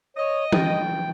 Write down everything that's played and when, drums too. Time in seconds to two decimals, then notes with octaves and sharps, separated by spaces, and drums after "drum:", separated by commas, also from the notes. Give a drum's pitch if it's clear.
0.17 C#5 D#5
0.52 G5, drum: tom E3